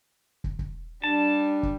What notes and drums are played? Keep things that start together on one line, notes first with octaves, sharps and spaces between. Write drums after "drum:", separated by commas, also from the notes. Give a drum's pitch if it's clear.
drum: kick
drum: kick
G3 D4 A5
drum: kick